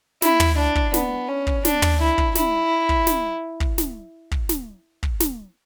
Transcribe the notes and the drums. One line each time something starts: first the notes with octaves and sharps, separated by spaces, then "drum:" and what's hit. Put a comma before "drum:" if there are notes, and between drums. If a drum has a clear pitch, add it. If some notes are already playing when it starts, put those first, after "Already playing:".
E4, drum: snare
drum: tom
D4
drum: kick
B3, drum: snare
C#4
drum: kick
D4, drum: snare
drum: tom
E4
drum: kick
E4, drum: snare
drum: kick
drum: snare
drum: kick
drum: snare
drum: kick
drum: snare
drum: kick
drum: snare